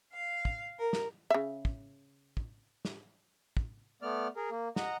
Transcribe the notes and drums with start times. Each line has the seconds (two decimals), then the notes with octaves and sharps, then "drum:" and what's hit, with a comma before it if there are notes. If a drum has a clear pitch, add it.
0.13 F5
0.45 drum: kick
0.79 A#4
0.93 drum: snare
1.30 C#3 E5
1.65 drum: kick
2.37 drum: kick
2.85 drum: snare
3.57 drum: kick
4.02 A3 B3 D5 F6
4.36 G#4 A#4
4.51 A#3
4.76 D#5 F#5 A#5, drum: snare